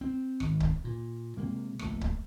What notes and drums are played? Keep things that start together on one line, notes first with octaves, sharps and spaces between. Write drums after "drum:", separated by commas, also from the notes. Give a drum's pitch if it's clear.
C4
G#1, drum: rim click
drum: kick C#1
A#2
C3 G#3 A#3
F1 A#1 A3, drum: rim click
drum: kick C#1